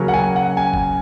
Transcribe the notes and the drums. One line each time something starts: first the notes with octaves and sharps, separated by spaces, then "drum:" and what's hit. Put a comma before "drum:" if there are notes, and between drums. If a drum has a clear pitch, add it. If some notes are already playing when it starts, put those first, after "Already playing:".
Already playing: C#3 F#3 A#3 C#4
F#5
G#5
F#5
G#5
drum: kick